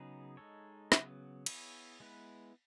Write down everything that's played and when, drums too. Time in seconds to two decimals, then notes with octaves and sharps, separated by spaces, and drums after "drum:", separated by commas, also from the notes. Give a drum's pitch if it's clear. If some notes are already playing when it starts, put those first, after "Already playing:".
Already playing: C#3 F#3 B3 D#4 G#4
0.37 G#3 D#4 A4 C#5
0.92 C#3 F#3 B3, drum: snare
1.46 B3 E4 G#4 C#5, drum: cymbal
2.00 G#3 B3 E4 B4